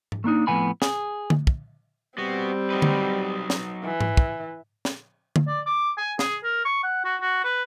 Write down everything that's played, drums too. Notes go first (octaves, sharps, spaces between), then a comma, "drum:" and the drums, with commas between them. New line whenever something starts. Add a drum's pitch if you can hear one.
drum: tom G#2
A3 A#3 D4 D#4
F2 A2 C3 B3 G#5 B5
G#4, drum: snare
drum: tom D3
drum: kick
G3 B3 C4 F#4
F#3 D#4 B4
drum: tom D3
drum: snare
E3
drum: tom G#2
drum: kick
drum: snare
drum: tom D3
D5
D6
G#5
G#4, drum: snare
A#4
C#6
F#5
F#4
F#4
B4